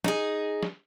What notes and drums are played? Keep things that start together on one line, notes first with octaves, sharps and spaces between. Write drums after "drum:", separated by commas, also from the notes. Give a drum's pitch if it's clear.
D#4 G#4, drum: snare
drum: snare